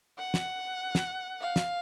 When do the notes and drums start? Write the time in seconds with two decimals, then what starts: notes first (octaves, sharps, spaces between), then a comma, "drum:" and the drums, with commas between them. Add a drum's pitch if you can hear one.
0.19 F#5
0.34 drum: snare
0.95 drum: snare
1.40 F5
1.56 drum: snare